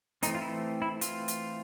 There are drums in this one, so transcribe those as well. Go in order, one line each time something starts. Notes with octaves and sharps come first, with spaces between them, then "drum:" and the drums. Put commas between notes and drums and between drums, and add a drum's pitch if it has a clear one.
E3 A3 C4 D#4, drum: hi-hat
F4
E4
E4
F4, drum: hi-hat
drum: hi-hat